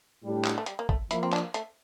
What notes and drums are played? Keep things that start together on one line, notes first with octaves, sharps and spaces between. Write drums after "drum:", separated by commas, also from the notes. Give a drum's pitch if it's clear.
A2 G3 D4 G4
drum: clap
A3
G3, drum: hi-hat
A#3
A3, drum: kick
F3 A#3 E4 F4, drum: hi-hat
C4
D4, drum: clap
A3, drum: hi-hat